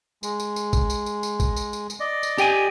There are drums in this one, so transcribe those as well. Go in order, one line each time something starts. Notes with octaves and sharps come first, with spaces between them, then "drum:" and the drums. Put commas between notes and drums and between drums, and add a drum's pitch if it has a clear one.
G#3, drum: tambourine
drum: tambourine
drum: tambourine
drum: kick, tambourine
drum: tambourine
drum: tambourine
drum: tambourine
drum: kick, tambourine
drum: tambourine
drum: tambourine
drum: tambourine
D5 D#5
drum: tambourine
G4 G5 G#5, drum: tambourine